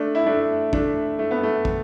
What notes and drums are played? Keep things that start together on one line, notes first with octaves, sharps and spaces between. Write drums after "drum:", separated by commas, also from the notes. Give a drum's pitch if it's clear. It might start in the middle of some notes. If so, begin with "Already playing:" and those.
Already playing: A3 D4
E4
A3 D4
A3 D4, drum: kick
A3
B3
A3
drum: kick